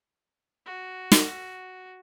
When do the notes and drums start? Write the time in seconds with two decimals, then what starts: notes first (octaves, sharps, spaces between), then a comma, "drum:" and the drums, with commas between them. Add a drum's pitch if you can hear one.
0.66 F#4
1.12 drum: snare